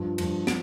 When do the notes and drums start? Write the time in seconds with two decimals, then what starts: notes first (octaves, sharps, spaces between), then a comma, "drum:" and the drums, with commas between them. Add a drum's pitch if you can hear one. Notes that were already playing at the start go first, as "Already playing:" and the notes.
Already playing: G2 F3
0.18 G2 F3, drum: cymbal
0.47 F3 D7, drum: snare